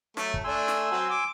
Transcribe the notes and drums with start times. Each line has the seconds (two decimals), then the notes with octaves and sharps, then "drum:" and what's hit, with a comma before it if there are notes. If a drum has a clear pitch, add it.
0.17 F#3 A3, drum: snare
0.34 drum: kick
0.44 A3 D4 A4 G#5 C6 E6
0.68 drum: snare
0.91 F#3 C4 F#4
1.10 D6